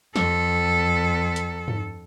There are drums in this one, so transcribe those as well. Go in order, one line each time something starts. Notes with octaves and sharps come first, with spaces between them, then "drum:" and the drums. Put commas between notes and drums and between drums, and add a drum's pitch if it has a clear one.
F2 A4, drum: snare
drum: hi-hat
drum: tom G2